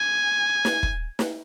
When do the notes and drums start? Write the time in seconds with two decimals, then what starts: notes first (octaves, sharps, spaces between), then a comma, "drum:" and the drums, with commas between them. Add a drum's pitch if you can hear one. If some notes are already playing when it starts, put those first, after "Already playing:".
Already playing: G#5
0.65 drum: snare
0.83 drum: kick
1.19 drum: snare